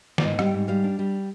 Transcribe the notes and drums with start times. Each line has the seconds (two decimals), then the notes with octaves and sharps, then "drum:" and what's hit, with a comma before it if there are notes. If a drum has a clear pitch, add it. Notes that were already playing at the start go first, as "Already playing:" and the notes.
0.18 D5, drum: snare
0.24 G#2 D#5
0.39 G3, drum: rim click
0.46 G5
0.54 G#2
0.68 G3 F5
0.84 D4
0.99 G3